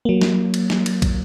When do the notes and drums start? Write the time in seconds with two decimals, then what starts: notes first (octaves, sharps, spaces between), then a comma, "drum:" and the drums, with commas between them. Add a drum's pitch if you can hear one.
0.05 F#3 A#3
0.21 drum: snare
0.54 drum: cymbal
0.70 drum: snare
0.86 drum: cymbal
1.02 drum: kick, cymbal